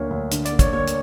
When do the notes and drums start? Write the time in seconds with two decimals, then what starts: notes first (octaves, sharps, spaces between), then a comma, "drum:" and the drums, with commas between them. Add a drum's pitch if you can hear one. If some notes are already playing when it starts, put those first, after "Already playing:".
Already playing: D2 D3 A#3 C#5
0.10 D2
0.31 D3, drum: hi-hat
0.45 D5, drum: hi-hat
0.52 A#3
0.59 C#5, drum: kick, hi-hat
0.73 A#3 C#5
0.87 drum: hi-hat